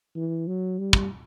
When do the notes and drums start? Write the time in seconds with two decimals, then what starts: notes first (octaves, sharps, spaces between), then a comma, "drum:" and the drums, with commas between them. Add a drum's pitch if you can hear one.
0.15 E3
0.47 F#3
0.79 G3
0.93 drum: kick